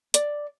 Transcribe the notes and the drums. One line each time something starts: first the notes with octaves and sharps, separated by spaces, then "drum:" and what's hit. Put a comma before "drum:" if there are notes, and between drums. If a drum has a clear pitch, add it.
D5, drum: hi-hat